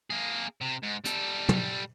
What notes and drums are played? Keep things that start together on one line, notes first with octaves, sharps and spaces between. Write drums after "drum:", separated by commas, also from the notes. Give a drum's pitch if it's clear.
A#3 G#4
C3
G#2
G3 A4, drum: hi-hat
drum: tom